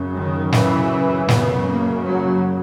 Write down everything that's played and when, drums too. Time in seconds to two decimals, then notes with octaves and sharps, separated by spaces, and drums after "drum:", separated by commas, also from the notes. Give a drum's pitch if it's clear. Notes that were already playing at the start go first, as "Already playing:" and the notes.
Already playing: F#2 C#3
0.15 D#3
0.52 E3, drum: snare
1.28 F#2 C#3 B3, drum: snare
1.66 A#3
2.03 F#3